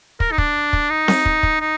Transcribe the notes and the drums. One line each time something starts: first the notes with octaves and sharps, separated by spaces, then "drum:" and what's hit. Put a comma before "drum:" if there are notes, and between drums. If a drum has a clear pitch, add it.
A#4, drum: kick
D#4
D4, drum: kick
drum: kick
D#4
drum: snare C4
drum: kick
drum: kick
D#4